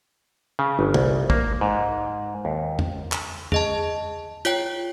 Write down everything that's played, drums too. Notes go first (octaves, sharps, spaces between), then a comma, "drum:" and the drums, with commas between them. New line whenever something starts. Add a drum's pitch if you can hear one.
C#3
G1
C2, drum: tom
A#3, drum: kick
G#2
D#2
drum: tom E2
drum: clap
G#4 D#5 A5, drum: tom E2
F4 C#5 G5, drum: hi-hat